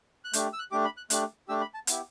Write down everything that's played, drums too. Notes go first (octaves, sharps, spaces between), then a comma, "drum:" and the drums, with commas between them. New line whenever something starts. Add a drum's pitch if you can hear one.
F#6
A3 D4 G4 G6, drum: hi-hat
E6
F#6
A3 D4 G4 D6
B5
F#6
A3 D4 G4 F#6, drum: hi-hat
A3 D4 G4 E6
B5
A5
B3 E4 G4, drum: hi-hat